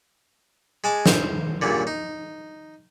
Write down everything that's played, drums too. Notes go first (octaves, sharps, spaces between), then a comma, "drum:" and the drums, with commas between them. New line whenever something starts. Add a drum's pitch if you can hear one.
G#3 G#5 A5 D6
C5, drum: snare
C#2 G2 A#2 D3
D#4